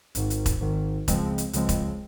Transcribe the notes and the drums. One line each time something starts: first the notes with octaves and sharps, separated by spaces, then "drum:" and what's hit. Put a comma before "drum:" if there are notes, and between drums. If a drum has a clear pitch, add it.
G#1 G#2 D#3, drum: hi-hat
drum: hi-hat
drum: kick E1, hi-hat
G#1 G#2 D#3
C#2 C#3 F3 G#3 C4, drum: kick E1, hi-hat
drum: hi-hat
C#2 C#3 F3 G#3 C4, drum: hi-hat
drum: kick E1, hi-hat